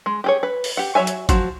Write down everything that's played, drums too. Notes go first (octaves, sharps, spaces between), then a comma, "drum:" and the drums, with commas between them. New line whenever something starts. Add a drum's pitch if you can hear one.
G#3
G4 G#4 C#5
B4
drum: open hi-hat
G4 F#5
F#3 D#4 C#5 E5 G#5
drum: hi-hat
F3 F#3 F#4, drum: kick G1, hi-hat